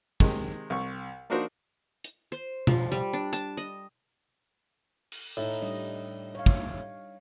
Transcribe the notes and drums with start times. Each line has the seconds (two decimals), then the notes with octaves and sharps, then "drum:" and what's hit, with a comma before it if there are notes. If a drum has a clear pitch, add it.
0.20 C3 D#3 G#3, drum: kick
0.70 C2 C#6
1.30 A#3 D4 D#4 F#4 A#4 C5
2.04 drum: hi-hat
2.32 C5
2.67 F3, drum: tom B2
2.92 G3
3.13 D4
3.33 A5, drum: hi-hat
3.57 D#5
5.12 drum: cymbal
5.37 A2 D#4 E4
5.62 G3 D4 D#5
6.35 C#5 F5
6.46 drum: kick